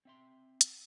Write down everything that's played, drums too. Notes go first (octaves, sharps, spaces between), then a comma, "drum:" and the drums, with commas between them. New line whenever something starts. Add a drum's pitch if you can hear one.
C4 E5 C6
drum: hi-hat